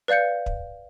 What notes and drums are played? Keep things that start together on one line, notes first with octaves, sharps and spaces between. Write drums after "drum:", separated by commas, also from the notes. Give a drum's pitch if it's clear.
B4 D5 F5 G6 C#7
drum: kick